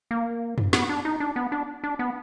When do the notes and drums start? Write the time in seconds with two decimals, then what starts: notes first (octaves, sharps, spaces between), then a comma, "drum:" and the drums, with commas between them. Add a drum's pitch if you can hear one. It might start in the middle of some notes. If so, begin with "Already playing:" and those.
0.11 A#3
0.58 drum: tom
0.73 B3, drum: snare
0.89 D4
1.05 D#4
1.20 D4
1.36 B3
1.52 D4
1.84 D4
1.99 B3